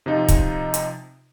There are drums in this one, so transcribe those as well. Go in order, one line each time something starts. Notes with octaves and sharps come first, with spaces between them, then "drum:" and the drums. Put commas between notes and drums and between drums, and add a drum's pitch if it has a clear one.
C3 F3 D#4
drum: kick, hi-hat
drum: hi-hat